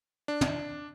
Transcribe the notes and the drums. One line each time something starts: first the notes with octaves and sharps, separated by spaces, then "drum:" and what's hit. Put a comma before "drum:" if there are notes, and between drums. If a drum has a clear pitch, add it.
D4
drum: tom